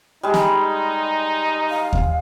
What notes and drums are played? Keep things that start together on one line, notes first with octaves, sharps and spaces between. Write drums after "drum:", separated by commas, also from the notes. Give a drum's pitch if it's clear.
G3 G#3 D#4
drum: snare
F5
drum: kick D#2